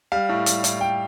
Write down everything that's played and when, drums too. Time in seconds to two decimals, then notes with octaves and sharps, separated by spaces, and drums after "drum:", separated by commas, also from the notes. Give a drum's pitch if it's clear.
0.12 G3 F5
0.29 A2
0.46 G3, drum: hi-hat
0.64 A2, drum: hi-hat
0.80 A2 G5